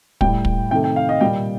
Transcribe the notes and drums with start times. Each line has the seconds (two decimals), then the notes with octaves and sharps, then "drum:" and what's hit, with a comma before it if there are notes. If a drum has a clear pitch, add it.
0.21 A2 G3 G5, drum: kick
0.45 drum: kick
0.71 C3 D#3 A3 G5
0.84 G5
0.96 F5
1.09 D#5
1.20 A#2 G3 G5